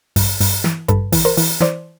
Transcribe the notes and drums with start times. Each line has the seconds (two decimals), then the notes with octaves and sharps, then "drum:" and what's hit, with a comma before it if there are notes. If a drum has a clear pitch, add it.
0.16 G2, drum: kick G#1, open hi-hat
0.41 G2, drum: open hi-hat
0.64 E3, drum: snare
0.88 G2 A4 B4, drum: kick G#1, hi-hat
1.12 E3, drum: kick G#1, open hi-hat
1.25 A#4 C5
1.37 E3, drum: open hi-hat
1.61 E3 C5 D5, drum: snare